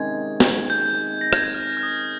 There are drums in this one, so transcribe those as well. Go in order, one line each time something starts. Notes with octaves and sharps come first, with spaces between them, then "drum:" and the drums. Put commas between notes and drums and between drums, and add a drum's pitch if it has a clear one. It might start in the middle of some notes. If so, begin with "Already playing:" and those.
Already playing: C3 D#3 G#3 C#4 G#6
drum: snare
G6
A#6
G#6, drum: rim click
G6
F6
F6
D#6